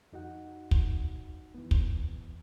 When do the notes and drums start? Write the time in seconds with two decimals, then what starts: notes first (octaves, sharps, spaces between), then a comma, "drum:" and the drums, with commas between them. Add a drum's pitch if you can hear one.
0.13 F2 D#4 F#4 F#5
0.71 drum: kick
1.54 E3 B3
1.71 drum: kick